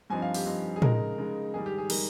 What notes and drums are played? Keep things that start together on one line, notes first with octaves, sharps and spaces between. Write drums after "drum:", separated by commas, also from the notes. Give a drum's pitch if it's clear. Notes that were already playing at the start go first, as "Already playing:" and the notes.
G2 F3 C4 D#4 G#5
F5
G4, drum: open hi-hat
G2 F3 C4 D#4
G#4
C#3 G#3 D#4 A#4, drum: tom
C#3 G#3 D#4
G#2 D#3 G3 G#4
G4
G#4
D#3 G3 A#4, drum: cymbal